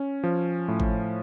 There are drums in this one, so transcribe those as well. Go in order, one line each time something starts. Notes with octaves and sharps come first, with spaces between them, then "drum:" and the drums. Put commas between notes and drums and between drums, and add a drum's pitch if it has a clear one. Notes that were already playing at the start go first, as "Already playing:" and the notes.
Already playing: C#4
F3
A2
drum: kick G#1